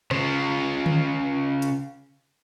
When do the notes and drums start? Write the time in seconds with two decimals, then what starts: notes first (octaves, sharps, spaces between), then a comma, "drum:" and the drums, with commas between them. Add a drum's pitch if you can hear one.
0.11 C#3 F4, drum: rim click
0.86 drum: tom D3
1.62 drum: hi-hat